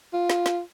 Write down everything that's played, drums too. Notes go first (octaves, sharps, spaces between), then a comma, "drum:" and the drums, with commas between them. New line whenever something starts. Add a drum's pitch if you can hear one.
F4
drum: snare
drum: snare